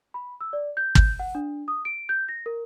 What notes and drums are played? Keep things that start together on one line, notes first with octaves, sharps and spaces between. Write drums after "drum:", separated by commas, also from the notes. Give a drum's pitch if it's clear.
B5
E6
D5
G6
G6, drum: kick
F#5
D4
D#6
D7
G6
A#6
A#4